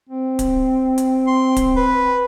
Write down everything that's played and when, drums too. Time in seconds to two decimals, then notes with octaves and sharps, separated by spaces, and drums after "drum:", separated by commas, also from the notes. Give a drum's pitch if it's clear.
0.09 C4
0.39 drum: kick D1, hi-hat
0.98 drum: hi-hat
1.27 C6
1.56 drum: kick D1, hi-hat
1.77 B4